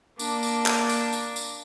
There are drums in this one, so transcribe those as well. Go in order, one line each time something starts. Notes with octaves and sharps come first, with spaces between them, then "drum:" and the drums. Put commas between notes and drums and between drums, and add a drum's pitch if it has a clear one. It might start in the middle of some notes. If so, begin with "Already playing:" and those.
A#3 D4, drum: tambourine
drum: tambourine
drum: clap
drum: tambourine
drum: tambourine
drum: tambourine